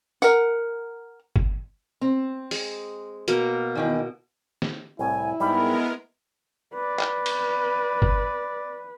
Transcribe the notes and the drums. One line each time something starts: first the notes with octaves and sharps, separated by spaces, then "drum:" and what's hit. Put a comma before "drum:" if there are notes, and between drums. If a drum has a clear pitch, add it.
A#4 F#5, drum: tambourine
drum: kick G1
C4
G#3, drum: open hi-hat
B2 A#3, drum: hi-hat
E2 D#3 E3
drum: snare
C2 A2 E4 G#5
G#2 G3 G#3 B3 A#4 B5
B4 D5
drum: clap
drum: cymbal
drum: kick G1